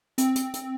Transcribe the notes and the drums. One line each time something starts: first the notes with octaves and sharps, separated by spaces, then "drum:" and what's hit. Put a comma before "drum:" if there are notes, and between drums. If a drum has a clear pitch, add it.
C4, drum: hi-hat
drum: hi-hat
drum: hi-hat